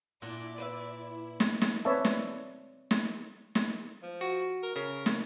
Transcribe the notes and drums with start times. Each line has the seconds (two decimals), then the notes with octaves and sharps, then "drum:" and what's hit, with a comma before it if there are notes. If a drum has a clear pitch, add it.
0.22 A#2 D4 E4 D5 F#5
0.58 B4 C5 E5
1.40 drum: snare
1.62 drum: snare
1.85 C4 B4 C#5 D5 E5 A5
2.05 drum: snare
2.91 drum: snare
3.55 drum: snare
4.03 F3
4.21 F#4
4.63 A#4
4.76 C#3 A#4
5.06 drum: snare